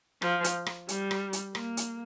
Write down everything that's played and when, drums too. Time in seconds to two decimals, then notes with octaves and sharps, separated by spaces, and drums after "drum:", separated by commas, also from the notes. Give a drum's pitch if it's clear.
0.22 F3, drum: rim click
0.44 drum: hi-hat
0.66 drum: rim click
0.89 G3, drum: hi-hat
1.11 drum: rim click
1.33 drum: hi-hat
1.55 A#3, drum: rim click
1.77 drum: hi-hat